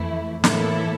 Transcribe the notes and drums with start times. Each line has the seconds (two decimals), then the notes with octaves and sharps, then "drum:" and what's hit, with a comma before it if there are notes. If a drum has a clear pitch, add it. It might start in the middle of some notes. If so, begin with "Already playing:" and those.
Already playing: F2 E3 A3 E4
0.44 A2 E3 A#3 E4 A4, drum: snare